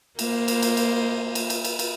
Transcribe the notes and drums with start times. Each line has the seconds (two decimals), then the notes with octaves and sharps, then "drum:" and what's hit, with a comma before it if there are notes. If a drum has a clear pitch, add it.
0.19 A#3 C5, drum: cymbal
0.48 drum: cymbal
0.62 drum: cymbal
0.77 drum: cymbal
1.35 drum: cymbal
1.50 drum: cymbal
1.64 drum: cymbal
1.79 drum: cymbal